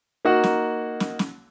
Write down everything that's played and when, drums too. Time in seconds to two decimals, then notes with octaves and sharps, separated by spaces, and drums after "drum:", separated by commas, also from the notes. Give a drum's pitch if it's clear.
0.25 A#3 D#4 F#4 F#5
0.44 drum: snare
1.00 drum: snare
1.19 drum: snare